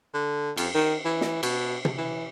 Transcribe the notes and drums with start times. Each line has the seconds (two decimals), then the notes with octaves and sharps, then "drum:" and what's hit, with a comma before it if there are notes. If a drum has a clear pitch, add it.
0.14 D3
0.57 F2, drum: cymbal
0.75 D#3
1.05 E3
1.21 drum: snare
1.43 B2, drum: cymbal
1.85 drum: tom
1.98 E3